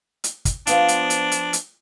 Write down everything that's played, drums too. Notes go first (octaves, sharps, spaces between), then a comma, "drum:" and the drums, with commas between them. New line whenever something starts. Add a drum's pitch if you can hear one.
drum: hi-hat
drum: kick, hi-hat
F3 B3 D4 F4, drum: hi-hat
drum: hi-hat
drum: hi-hat
drum: hi-hat
drum: hi-hat